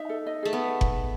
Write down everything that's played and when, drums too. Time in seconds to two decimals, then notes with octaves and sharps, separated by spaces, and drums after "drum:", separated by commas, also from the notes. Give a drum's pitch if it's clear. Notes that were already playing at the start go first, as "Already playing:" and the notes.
Already playing: D#4 E5
0.09 A4
0.26 D#5
0.43 A3 G#4
0.53 B3
0.81 drum: kick F#1